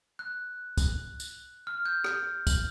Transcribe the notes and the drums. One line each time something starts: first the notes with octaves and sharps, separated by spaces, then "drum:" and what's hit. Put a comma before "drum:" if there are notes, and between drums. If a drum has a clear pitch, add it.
F#6
drum: kick, tambourine
drum: tambourine
F6
G6
drum: rim click
F#7, drum: kick, tambourine